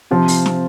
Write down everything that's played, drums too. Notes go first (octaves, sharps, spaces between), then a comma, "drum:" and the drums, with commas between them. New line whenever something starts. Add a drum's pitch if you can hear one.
C3 F3 C4
drum: open hi-hat
drum: snare